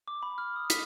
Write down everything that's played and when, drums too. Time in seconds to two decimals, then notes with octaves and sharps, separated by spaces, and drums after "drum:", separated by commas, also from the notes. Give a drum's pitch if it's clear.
0.08 D6
0.23 B5
0.38 F6
0.56 D#6
0.70 B6, drum: hi-hat